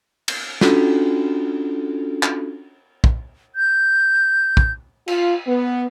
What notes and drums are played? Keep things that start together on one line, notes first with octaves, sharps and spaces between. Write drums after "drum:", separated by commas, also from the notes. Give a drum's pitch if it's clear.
drum: cymbal
C#4 D4 F4 F#4 A4, drum: snare
drum: clap
drum: kick
G6
drum: kick
F4, drum: cymbal
B3